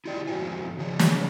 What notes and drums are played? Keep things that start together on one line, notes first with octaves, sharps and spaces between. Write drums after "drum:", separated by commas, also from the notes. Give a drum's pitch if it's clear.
E4 F4 G4 D5 G5
F2 G#2 F#4 C5 G#5
C#3 F3 C#5
drum: snare